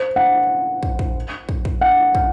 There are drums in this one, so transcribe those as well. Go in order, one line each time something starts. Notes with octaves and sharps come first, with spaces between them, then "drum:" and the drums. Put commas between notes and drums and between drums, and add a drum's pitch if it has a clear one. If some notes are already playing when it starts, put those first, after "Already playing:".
Already playing: C5
F#5
drum: kick
drum: kick
drum: kick
drum: kick
F#5
drum: kick